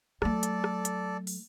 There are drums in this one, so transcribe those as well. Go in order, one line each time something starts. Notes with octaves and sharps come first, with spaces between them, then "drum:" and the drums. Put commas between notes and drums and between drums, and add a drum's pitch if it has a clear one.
F#3 A3 A4 D5, drum: rim click
drum: hi-hat
drum: rim click
drum: hi-hat
drum: open hi-hat